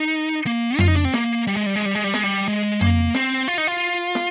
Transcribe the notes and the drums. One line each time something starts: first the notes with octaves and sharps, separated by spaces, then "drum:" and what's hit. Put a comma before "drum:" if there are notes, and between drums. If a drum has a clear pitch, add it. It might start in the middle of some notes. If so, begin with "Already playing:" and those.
Already playing: D#4
A#3
F4, drum: tom F2
D#4
D4
C4
A#3, drum: snare
G3
G#3
G3
G#3
G3
G#3
G3
G#3, drum: snare
G3
G#3
A#3, drum: tom F2
C4, drum: snare
F4
D#4
F4
drum: snare